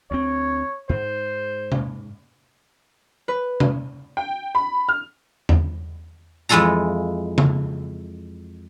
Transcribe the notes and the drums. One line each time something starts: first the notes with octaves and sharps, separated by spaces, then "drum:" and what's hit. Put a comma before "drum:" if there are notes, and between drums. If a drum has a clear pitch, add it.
D2 C4 C#5
G#2 C5
drum: tom C3
B4
drum: tom C3
G5
B5
F6
drum: tom E2
F2 E3 G#3 F4 A4 A#5
drum: tom C#3